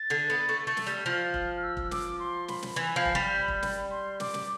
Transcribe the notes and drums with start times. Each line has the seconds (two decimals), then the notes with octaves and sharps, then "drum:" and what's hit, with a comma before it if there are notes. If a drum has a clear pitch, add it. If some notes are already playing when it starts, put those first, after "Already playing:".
Already playing: A6
0.10 D3
0.30 B3
0.49 A3
0.67 A3
0.77 drum: snare
0.87 G3
1.06 F3 F6
1.34 drum: kick
1.62 E6
1.77 drum: kick
1.91 D6, drum: snare
2.19 C6
2.48 B5, drum: snare
2.63 drum: snare
2.76 E3 B5
2.96 F3
3.05 drum: kick
3.15 G3
3.48 drum: kick
3.63 drum: snare
3.91 C6
4.20 D6, drum: snare
4.34 drum: snare